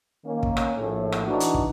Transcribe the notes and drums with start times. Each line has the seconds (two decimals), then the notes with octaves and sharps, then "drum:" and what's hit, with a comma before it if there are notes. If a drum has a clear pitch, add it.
0.24 D#3 A#3 C#4
0.43 drum: kick
0.57 drum: rim click
0.77 A#1 A2
1.12 drum: rim click
1.26 E3 D4 D#4 F#4
1.40 drum: hi-hat
1.54 drum: kick